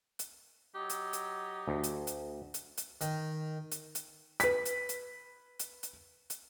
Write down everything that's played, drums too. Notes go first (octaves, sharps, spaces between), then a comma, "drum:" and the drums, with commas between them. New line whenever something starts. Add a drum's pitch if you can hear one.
drum: hi-hat
F#3 D#4 G4
drum: hi-hat
drum: hi-hat
D2
drum: hi-hat
drum: hi-hat
drum: hi-hat
drum: hi-hat
D#3, drum: hi-hat
drum: hi-hat
drum: hi-hat
B4 B6, drum: hi-hat
drum: hi-hat
drum: hi-hat
drum: hi-hat
drum: hi-hat
drum: hi-hat